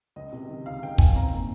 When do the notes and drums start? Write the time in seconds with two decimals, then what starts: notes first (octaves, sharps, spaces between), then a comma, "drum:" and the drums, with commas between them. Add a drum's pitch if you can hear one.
0.16 C#2 D#5
0.33 C3
0.49 D#3
0.66 C#2 F5
0.82 C#2 G5
0.98 D#3 G#5, drum: kick
1.16 C4 A#5
1.32 A#2